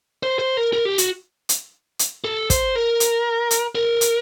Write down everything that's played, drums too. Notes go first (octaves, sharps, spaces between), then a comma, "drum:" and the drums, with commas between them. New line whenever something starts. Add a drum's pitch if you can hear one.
C5
C5
A#4
A#4
G4
F#4, drum: hi-hat
drum: hi-hat
drum: hi-hat
A4
C5, drum: kick, hi-hat
A#4
drum: hi-hat
drum: hi-hat
A#4
drum: hi-hat